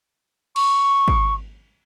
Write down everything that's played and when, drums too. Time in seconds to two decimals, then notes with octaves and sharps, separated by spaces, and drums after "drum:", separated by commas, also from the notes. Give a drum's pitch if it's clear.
0.56 C#6, drum: cymbal
1.08 drum: kick G#1